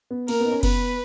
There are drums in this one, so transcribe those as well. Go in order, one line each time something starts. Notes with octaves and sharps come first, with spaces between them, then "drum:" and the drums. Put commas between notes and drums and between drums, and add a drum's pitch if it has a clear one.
B3
A#3 A#4, drum: cymbal
B3 D#4
C#4
B3 B4, drum: kick F#1, cymbal